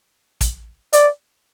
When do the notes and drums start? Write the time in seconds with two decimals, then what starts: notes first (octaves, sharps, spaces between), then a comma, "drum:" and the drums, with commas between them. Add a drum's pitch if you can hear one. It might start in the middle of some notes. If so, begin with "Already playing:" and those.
0.41 drum: kick, hi-hat
0.93 D5, drum: hi-hat